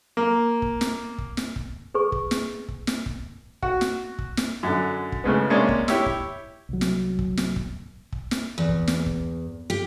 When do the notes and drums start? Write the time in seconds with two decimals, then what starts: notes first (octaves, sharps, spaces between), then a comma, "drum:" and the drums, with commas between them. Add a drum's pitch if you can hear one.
0.17 A#3
0.62 drum: kick
0.81 drum: snare
1.18 drum: kick
1.37 drum: snare
1.56 drum: kick
1.94 G#4 B4 C#6
2.12 drum: kick
2.31 drum: snare
2.68 drum: kick
2.87 drum: snare
3.06 drum: kick
3.62 F#4, drum: kick
3.81 drum: snare
4.19 drum: kick
4.37 drum: snare
4.63 F#2 D3
5.12 drum: kick
5.24 A2 C#3 G#3 B3
5.50 C3 G#3 A#3 C#4 D4
5.69 drum: kick
5.88 E4 G4 C#5 E5, drum: snare
6.06 drum: kick
6.69 C2 F#3
6.81 drum: snare
7.19 drum: kick
7.37 drum: snare
7.56 drum: kick
8.12 drum: kick
8.31 drum: snare
8.58 E2
8.69 drum: kick
8.88 drum: snare
9.06 drum: kick
9.70 G4